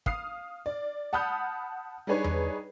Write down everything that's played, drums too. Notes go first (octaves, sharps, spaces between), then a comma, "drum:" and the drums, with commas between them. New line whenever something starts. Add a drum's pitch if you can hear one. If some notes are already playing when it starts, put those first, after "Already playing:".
F5 D#6 F6 C7, drum: kick
D5
F#5 A5 B5 D#6 F6 G6
G3 D4 D#4 G#4 B4 C#5
drum: tom E2